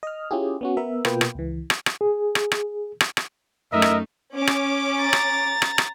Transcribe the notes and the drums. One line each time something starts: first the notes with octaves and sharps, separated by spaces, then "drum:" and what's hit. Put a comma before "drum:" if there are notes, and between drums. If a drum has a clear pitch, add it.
D#5 F6
C#4 E4 F4 G4 G#4
B3 C#4 F#4
B3 A#4 E5
B2 A#3 F4 B4 G5, drum: rim click
drum: rim click
C#2 E3
drum: rim click
drum: rim click
G#4
drum: rim click
drum: rim click
drum: rim click
drum: rim click
F#2 A3 D#4 A#4 D#5 E5
drum: rim click
C#4 D6
drum: rim click
A#5 A6
drum: rim click
drum: rim click
drum: rim click